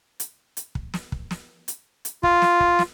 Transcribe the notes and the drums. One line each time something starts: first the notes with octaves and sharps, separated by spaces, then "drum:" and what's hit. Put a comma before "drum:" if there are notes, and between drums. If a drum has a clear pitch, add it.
drum: hi-hat
drum: hi-hat
drum: kick
drum: snare
drum: kick
drum: snare
drum: hi-hat
drum: hi-hat
F4, drum: kick
drum: snare
drum: kick
drum: snare